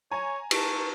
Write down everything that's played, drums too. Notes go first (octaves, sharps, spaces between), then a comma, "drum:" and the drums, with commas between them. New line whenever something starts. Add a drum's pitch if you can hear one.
C#5 G#5 A#5
A#4 A5 C#6, drum: cymbal